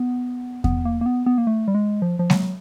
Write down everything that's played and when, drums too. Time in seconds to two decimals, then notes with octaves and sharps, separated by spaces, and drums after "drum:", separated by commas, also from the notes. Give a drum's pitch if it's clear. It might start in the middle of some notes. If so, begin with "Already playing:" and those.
Already playing: B3
0.64 B3, drum: kick E2
0.85 A#3
1.01 A#3
1.06 B3
1.26 B3
1.38 A#3
1.47 A3
1.68 G3
1.75 G#3
2.02 F3
2.19 F3
2.30 F#3, drum: snare G#3